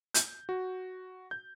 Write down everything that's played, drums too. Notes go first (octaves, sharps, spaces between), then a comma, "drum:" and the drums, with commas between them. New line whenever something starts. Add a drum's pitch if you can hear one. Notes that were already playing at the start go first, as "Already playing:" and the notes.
G6, drum: hi-hat
F#4
G6